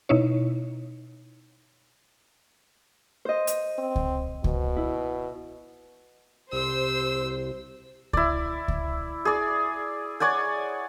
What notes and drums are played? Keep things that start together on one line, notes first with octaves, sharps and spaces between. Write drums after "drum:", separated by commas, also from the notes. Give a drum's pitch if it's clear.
B2 D#4 E4 C#5
C5 D#5
drum: hi-hat
C4
drum: kick C#2
B2, drum: kick C#2
E4
C2 G4 C5 E6
E4 D5, drum: kick C#2
drum: kick C#2
G#4 D5
C#5 D5 F#5 G#5